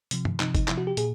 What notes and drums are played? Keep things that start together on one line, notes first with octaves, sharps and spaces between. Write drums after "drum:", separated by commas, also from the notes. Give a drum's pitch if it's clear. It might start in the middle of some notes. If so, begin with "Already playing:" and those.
C3 F3, drum: hi-hat
drum: tom G2
C3 F3 D#4, drum: clap
D#4, drum: kick G1, hi-hat
C3 F3 E4, drum: clap
F#4
G4
A#2 G#4, drum: hi-hat